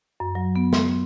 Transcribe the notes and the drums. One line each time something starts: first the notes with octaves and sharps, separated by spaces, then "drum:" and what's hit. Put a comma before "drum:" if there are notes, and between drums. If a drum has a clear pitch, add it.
F#2
F#3
B3
C6, drum: snare